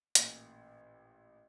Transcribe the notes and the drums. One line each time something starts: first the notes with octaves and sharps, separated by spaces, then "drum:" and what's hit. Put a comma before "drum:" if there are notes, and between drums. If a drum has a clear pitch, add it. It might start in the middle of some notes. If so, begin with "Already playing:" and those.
A1 A#2, drum: hi-hat